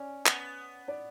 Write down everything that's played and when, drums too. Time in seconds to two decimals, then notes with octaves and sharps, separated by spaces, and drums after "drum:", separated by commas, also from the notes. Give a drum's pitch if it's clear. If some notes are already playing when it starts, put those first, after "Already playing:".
Already playing: C#4 D5
0.26 B3, drum: clap
0.88 D5